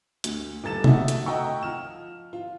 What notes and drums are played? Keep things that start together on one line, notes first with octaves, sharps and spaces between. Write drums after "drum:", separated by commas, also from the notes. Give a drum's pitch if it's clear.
D2, drum: hi-hat
D#1 A4 A6 E7
A3 D#4 F#4 E5 F#5, drum: tom
drum: hi-hat
D#5 F#5 G5 A#5 C#6 E6
F3 F6 E7
F4